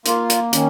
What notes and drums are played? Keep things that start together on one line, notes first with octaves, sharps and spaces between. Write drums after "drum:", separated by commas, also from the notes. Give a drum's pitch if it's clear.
A#3 F4, drum: hi-hat
drum: hi-hat
D#3 C#4, drum: hi-hat